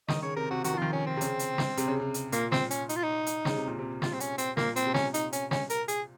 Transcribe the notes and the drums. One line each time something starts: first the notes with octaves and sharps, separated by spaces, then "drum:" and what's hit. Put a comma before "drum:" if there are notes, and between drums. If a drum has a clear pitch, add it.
D#3 D#5, drum: snare
C#3 C#5
C3 A#4
C3 F#4
D#3 F#4, drum: hi-hat
F3
D#3 F4
C#4
C4
C3
C#3, drum: hi-hat
drum: hi-hat
drum: snare
C3, drum: hi-hat
C#3
C3
drum: hi-hat
A#2 A#3, drum: hi-hat
C4, drum: snare
C#4, drum: hi-hat
D#4, drum: hi-hat
F4
D#4
drum: hi-hat
C#3, drum: snare
C3
A#2
C3
F4, drum: snare
C4
C#4, drum: hi-hat
C4, drum: hi-hat
A#2 A#3, drum: snare
C4, drum: hi-hat
C3
C#4, drum: snare
D#4, drum: hi-hat
C#4, drum: hi-hat
C#4, drum: snare
A#4, drum: hi-hat
G#4, drum: hi-hat